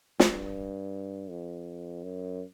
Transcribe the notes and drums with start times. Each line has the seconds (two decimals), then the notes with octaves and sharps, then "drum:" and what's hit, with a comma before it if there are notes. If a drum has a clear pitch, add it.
0.20 G2, drum: snare
1.30 F2
2.04 F#2